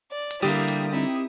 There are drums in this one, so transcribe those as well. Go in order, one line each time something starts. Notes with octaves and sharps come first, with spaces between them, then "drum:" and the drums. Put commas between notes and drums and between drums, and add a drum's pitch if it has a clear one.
D5
drum: hi-hat
D3 G3 A#3 E4 G4 D#6
drum: hi-hat
C4 D#4 E4